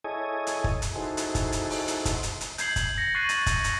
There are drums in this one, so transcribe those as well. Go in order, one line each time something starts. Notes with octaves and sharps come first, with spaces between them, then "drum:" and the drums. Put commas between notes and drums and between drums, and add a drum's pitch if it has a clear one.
E4 G#4 A4 C#5 D#5 G#5
drum: hi-hat
drum: kick
drum: hi-hat
D#4 E4 F#4 G#4 A4 C5
drum: hi-hat
drum: kick, hi-hat
drum: hi-hat
drum: open hi-hat
drum: hi-hat
drum: kick, hi-hat
drum: hi-hat
drum: hi-hat
G6 G#6 C7 F#7, drum: hi-hat
drum: kick, hi-hat
A#6 C#7
C#6 F#6 A6 C7 D#7 F#7
drum: hi-hat
drum: kick, hi-hat
drum: hi-hat